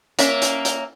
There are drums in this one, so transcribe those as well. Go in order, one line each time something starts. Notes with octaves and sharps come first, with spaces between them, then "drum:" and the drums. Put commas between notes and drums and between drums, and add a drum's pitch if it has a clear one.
A#3 C#4 E5, drum: hi-hat
drum: hi-hat
drum: hi-hat